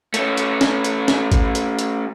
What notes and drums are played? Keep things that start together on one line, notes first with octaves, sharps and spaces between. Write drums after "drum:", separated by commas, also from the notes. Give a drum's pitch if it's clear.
A3 C#4, drum: hi-hat
drum: hi-hat
drum: snare
drum: hi-hat
drum: snare
drum: kick G#1, hi-hat
drum: hi-hat
drum: hi-hat